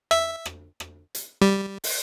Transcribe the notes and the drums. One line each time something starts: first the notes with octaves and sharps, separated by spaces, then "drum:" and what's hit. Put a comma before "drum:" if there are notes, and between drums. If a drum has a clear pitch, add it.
E5, drum: rim click
drum: rim click
drum: rim click
drum: hi-hat
G3
drum: open hi-hat